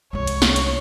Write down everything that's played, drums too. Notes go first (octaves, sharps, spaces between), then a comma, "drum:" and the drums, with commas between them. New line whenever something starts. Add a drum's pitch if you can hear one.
C2 G#3 C#5
drum: hi-hat
drum: snare
drum: hi-hat